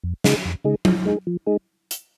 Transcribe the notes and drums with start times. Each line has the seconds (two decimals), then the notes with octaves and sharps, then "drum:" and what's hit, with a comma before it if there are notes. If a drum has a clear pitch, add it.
0.04 F2
0.24 C#3 G#3 D#4 G#4, drum: snare
0.45 F2
0.64 C#3 G#3 D#4 G#4
0.85 F3, drum: tom F#3
1.05 G#3 D#4 G#4
1.27 F3
1.47 G#3 D#4 G#4
1.91 drum: hi-hat